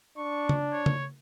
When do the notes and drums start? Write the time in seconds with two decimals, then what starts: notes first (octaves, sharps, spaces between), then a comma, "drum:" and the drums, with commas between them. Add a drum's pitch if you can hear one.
0.18 D4 C#6
0.49 drum: tom C#3
0.73 C#5
0.86 drum: tom C#3